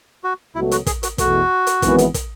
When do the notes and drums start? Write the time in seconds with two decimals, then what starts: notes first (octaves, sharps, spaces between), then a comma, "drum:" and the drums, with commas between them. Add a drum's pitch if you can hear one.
0.24 F#4
0.55 C#2 B2 F#3 A3 E4
0.71 F#4, drum: hi-hat
0.87 G#4, drum: kick, hi-hat
1.03 F#4, drum: hi-hat
1.18 E2 B2 A3 F#4, drum: kick, hi-hat
1.67 drum: hi-hat
1.82 G#1 F#2 E3 B3, drum: kick, hi-hat
1.98 drum: hi-hat
2.14 drum: kick, hi-hat